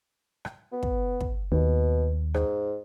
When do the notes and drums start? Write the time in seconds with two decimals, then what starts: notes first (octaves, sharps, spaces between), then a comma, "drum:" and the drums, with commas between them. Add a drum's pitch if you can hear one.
0.45 drum: rim click
0.72 B3
0.83 drum: kick
1.21 drum: kick
1.52 D#2 B2
2.34 G#2, drum: rim click